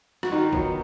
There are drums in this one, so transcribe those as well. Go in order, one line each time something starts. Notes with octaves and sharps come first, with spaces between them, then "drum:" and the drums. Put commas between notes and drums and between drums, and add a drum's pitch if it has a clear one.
F#4, drum: rim click
D#3 D#4 F4
F#3 B3, drum: kick